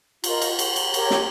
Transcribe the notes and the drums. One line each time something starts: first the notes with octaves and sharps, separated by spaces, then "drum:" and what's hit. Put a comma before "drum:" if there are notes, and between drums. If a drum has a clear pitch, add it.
F4 A#4 D#5, drum: cymbal
drum: cymbal
drum: cymbal
drum: cymbal
G4 A#4 C#5, drum: cymbal
drum: snare